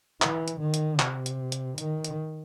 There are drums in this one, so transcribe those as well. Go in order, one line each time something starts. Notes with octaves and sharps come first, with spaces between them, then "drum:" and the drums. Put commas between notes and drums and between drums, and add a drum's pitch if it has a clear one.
E3, drum: clap
drum: hi-hat
D#3
drum: hi-hat
C3, drum: clap
drum: hi-hat
drum: hi-hat
D#3, drum: hi-hat
drum: hi-hat